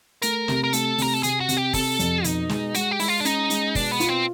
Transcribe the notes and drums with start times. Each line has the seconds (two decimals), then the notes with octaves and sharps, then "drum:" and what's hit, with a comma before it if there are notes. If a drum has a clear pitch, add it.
0.22 A3 A#4, drum: hi-hat
0.48 C3, drum: snare
0.64 A#4
0.73 A3 A4, drum: hi-hat
0.98 C3 A#4, drum: open hi-hat
1.14 A4
1.23 C3 G#4, drum: hi-hat
1.40 F#4
1.49 C3, drum: hi-hat
1.57 G4
1.73 C3 A4, drum: kick, open hi-hat
1.99 F2, drum: hi-hat
2.24 B2 D#4, drum: hi-hat
2.49 G#3, drum: snare
2.74 G#3 F#4, drum: hi-hat
2.91 G4
2.99 G#3 E4, drum: open hi-hat
3.08 F4
3.20 D4
3.25 C#4 D#4, drum: hi-hat
3.50 G#3, drum: hi-hat
3.75 B2 D4, drum: kick, open hi-hat
3.91 B3
4.00 F4, drum: hi-hat
4.09 C4